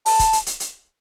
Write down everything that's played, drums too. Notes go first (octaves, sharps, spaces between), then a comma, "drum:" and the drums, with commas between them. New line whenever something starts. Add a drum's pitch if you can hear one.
A5, drum: open hi-hat
drum: kick, hi-hat
drum: hi-hat
drum: hi-hat
drum: hi-hat